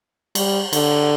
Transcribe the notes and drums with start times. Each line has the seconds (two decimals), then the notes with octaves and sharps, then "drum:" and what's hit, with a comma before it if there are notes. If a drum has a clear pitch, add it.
0.35 G3, drum: cymbal
0.73 D3, drum: cymbal